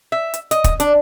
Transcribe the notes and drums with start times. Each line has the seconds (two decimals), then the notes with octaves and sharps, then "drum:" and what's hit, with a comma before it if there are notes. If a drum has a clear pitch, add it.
0.12 E5
0.34 drum: hi-hat
0.51 D#5, drum: hi-hat
0.64 drum: kick, hi-hat
0.80 D4, drum: hi-hat